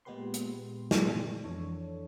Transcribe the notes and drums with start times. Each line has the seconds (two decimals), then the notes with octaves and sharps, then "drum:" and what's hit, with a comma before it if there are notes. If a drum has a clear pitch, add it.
0.05 A#2 G#3 B3 G4 B4 C6
0.34 drum: hi-hat
0.91 drum: snare
1.44 F2 E3 D4 A4 C#5